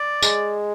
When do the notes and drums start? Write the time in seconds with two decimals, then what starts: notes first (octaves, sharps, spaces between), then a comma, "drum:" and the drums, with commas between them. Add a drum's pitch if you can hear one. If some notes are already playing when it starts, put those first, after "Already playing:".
Already playing: D5
0.23 G#3, drum: tambourine